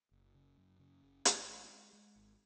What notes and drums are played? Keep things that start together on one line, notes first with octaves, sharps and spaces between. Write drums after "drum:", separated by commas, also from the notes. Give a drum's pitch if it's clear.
F#1
C#3
F#2
C#3
F#1
G#1, drum: hi-hat
G#3
G#3
G#3
G#1